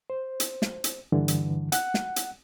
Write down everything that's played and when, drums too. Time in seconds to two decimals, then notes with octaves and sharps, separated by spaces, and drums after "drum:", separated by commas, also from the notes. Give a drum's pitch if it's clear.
0.10 C5
0.40 drum: hi-hat
0.62 drum: snare
0.84 drum: hi-hat
1.12 G2 D3 E3
1.28 drum: hi-hat
1.72 F#5 F#6, drum: hi-hat
1.94 drum: snare
2.16 drum: hi-hat